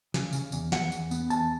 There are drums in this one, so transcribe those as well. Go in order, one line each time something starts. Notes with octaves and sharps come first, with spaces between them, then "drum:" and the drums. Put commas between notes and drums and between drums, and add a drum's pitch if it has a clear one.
C#3, drum: snare
C#3, drum: tambourine
E2, drum: tambourine
E2 F#5, drum: snare
E2, drum: tambourine
B3, drum: tambourine
E2 A5, drum: tambourine